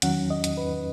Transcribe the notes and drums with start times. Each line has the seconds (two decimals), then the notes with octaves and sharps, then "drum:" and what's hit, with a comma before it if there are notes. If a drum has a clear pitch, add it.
0.02 E2 D#3 F#3 C#4 F#5, drum: hi-hat
0.30 D#5
0.44 drum: hi-hat
0.57 B4